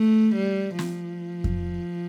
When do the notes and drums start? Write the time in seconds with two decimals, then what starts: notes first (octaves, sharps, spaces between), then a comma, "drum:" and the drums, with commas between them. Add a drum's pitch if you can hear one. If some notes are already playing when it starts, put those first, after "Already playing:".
Already playing: A3
0.35 G3
0.79 F3, drum: snare
1.44 drum: kick F2